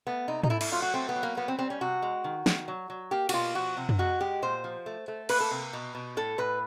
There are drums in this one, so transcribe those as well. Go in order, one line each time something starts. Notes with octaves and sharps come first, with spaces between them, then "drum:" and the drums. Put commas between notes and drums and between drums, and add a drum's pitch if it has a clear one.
A3 B3
C3 D#4
D#4, drum: tom
A3 E4
E4, drum: cymbal
F#3 F4
F#4
A3 C4
B3
F#3
A#3
A#3 B3
C4
G3 C4
C#4
C3 F#4
G#3
D#3
D#3, drum: snare
F#3
F#3
A#3 G4
F#4, drum: cymbal
B2 F4
F3 F#4
C3
drum: tom
G#3 F#4
G#3 G4
A#2 C5
F3
A3
A3
A#3 B4, drum: cymbal
A4
C3
B2
B2
A2 A4
A2 B4